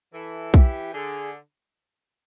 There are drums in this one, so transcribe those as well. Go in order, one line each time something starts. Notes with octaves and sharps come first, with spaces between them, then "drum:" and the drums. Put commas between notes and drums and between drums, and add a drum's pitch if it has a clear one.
E3 A4
G4, drum: kick B1
D3 G#4